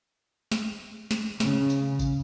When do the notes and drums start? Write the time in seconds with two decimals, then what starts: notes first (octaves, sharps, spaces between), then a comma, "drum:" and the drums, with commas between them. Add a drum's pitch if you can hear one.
0.52 drum: snare
1.11 drum: snare
1.40 C#3, drum: snare
1.70 drum: tambourine
1.99 drum: kick A1, tambourine